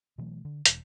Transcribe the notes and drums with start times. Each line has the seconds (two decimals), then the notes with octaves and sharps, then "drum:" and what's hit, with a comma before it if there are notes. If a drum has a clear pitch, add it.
0.18 B2 E3 F#3 A3
0.45 D3
0.66 E1, drum: hi-hat